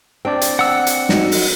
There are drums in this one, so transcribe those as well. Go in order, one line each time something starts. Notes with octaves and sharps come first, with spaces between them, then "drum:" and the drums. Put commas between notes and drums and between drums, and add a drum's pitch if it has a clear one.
C4 D4 D5 G5
drum: hi-hat
F#5 E6
drum: hi-hat
D#4 F#4, drum: snare
drum: open hi-hat